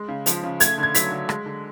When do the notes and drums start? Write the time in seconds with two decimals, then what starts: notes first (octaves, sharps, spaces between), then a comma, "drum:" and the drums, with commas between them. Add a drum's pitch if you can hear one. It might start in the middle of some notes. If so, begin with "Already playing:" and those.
Already playing: G#3
0.08 C#3
0.26 F3, drum: hi-hat
0.43 C#3
0.60 A3 G#6, drum: hi-hat
0.78 D3
0.83 G#6
0.95 F#3 B6, drum: hi-hat
1.12 D3
1.29 G#3, drum: rim click
1.46 D3